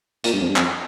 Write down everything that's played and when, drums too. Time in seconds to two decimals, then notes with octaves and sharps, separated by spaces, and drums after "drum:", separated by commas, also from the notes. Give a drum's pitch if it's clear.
0.24 A#2, drum: hi-hat
0.33 G2
0.41 F2
0.49 G2
0.56 F2, drum: clap